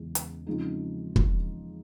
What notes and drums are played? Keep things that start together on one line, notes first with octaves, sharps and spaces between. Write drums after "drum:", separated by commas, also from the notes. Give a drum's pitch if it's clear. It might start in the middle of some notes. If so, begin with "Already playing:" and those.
Already playing: E2 C#3 E3 G#3
drum: hi-hat
C#3 F3 G#3 C4 D#4
F2, drum: kick